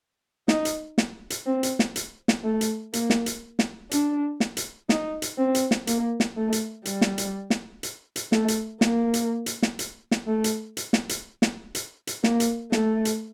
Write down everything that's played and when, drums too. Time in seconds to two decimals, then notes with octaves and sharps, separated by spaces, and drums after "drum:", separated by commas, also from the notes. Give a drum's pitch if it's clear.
0.48 D#4, drum: snare
0.65 drum: hi-hat
0.98 drum: snare
1.30 drum: hi-hat
1.47 C4
1.63 drum: hi-hat
1.79 drum: snare
1.96 drum: hi-hat
2.28 drum: snare
2.44 A3
2.61 drum: hi-hat
2.93 A#3, drum: hi-hat
3.10 drum: snare
3.26 drum: hi-hat
3.59 drum: snare
3.91 D4, drum: hi-hat
4.40 drum: snare
4.57 drum: hi-hat
4.89 D#4, drum: snare
5.22 drum: hi-hat
5.38 C4
5.55 drum: hi-hat
5.71 drum: snare
5.87 A#3, drum: hi-hat
6.20 drum: snare
6.37 A3
6.52 drum: hi-hat
6.85 G3, drum: hi-hat
7.01 drum: snare
7.18 drum: hi-hat
7.50 drum: snare
7.83 drum: hi-hat
8.16 drum: hi-hat
8.32 A3, drum: snare
8.48 drum: hi-hat
8.81 A#3, drum: snare
9.14 drum: hi-hat
9.46 drum: hi-hat
9.63 drum: snare
9.79 drum: hi-hat
10.11 drum: snare
10.27 A3
10.44 drum: hi-hat
10.77 drum: hi-hat
10.93 drum: snare
11.09 drum: hi-hat
11.42 drum: snare
11.75 drum: hi-hat
12.07 drum: hi-hat
12.24 A#3, drum: snare
12.40 drum: hi-hat
12.72 A3, drum: snare
13.05 drum: hi-hat